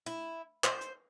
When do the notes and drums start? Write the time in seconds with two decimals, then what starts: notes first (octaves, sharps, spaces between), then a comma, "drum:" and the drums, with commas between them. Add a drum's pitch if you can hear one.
0.06 E4
0.64 C5, drum: clap
0.81 drum: hi-hat